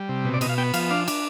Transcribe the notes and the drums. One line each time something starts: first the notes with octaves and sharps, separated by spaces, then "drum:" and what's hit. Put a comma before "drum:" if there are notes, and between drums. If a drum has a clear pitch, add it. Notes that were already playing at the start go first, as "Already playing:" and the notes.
Already playing: G3
C3
B2
D5
B2 D#5, drum: cymbal
F5
B3 G5
F3 F5, drum: cymbal
D4 F5
D4, drum: cymbal